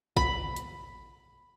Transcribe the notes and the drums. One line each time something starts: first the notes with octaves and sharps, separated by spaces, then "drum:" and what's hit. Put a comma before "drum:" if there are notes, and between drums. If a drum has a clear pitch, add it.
B5, drum: kick
drum: hi-hat